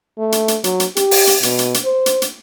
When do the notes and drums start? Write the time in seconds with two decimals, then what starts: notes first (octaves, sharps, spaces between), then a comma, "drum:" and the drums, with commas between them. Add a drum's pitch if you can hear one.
0.18 A3
0.32 drum: hi-hat
0.48 drum: hi-hat
0.64 F#3, drum: hi-hat
0.80 drum: hi-hat
0.96 G4, drum: hi-hat
1.11 drum: open hi-hat
1.27 drum: hi-hat
1.43 B2, drum: hi-hat
1.59 drum: hi-hat
1.74 drum: hi-hat
1.85 C5
2.06 drum: hi-hat
2.22 drum: hi-hat